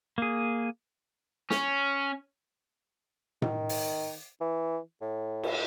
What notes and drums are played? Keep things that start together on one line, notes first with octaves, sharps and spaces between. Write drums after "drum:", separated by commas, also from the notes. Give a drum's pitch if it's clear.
A#3 G#4
C#4, drum: snare
D#3, drum: tom A2
drum: open hi-hat
E3
A2
drum: cymbal